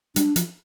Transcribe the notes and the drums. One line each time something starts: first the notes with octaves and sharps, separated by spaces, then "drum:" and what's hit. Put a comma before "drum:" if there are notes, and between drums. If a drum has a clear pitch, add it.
G3 D4, drum: hi-hat
F3, drum: hi-hat